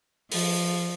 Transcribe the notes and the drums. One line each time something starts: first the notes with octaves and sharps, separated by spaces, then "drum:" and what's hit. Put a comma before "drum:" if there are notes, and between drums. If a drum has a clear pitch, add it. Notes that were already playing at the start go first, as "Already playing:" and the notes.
F3, drum: open hi-hat